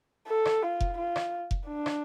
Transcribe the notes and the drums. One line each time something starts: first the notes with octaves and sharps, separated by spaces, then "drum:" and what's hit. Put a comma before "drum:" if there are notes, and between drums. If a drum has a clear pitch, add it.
A4
drum: rim click
F4
drum: kick F1
F4
drum: rim click
drum: kick F1
D4
drum: rim click